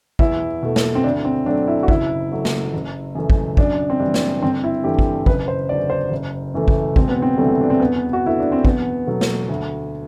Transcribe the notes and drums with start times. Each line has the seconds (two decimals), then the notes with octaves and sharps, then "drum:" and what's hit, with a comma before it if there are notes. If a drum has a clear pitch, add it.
0.19 E2 E4, drum: kick
0.63 B2 A3
0.76 drum: snare
0.95 C4
1.04 D2 D4
1.25 C4
1.46 D3 F#3 A3 D4
1.68 E4
1.83 F#4
1.88 F#1 E4, drum: kick
2.32 F#2 F#3 A3
2.45 drum: snare
2.74 F#1
3.15 F#2 E3 A3
3.30 drum: kick
3.57 F#2 D4, drum: kick
3.90 C4
4.00 E3 G3 D4
4.14 drum: snare
4.42 G1 C4
4.64 E4
4.84 G2 E3 A3 G4
4.99 drum: kick
5.26 F#1 B4, drum: kick
5.48 C5
5.69 E2 D3 F#3 D5
5.90 C5
6.11 F#1
6.54 F#2 E3 A3
6.68 drum: kick
6.96 E1 C4, drum: kick
7.09 B3
7.22 C4
7.38 D2 C3 E3 G3 A3
7.61 D4
7.70 C4
7.80 E2 B3
8.13 F#4
8.23 D3 A3 E4
8.40 D4
8.52 C4
8.65 E2 B3, drum: kick
9.07 B2 F#3 A3
9.21 drum: snare
9.49 D2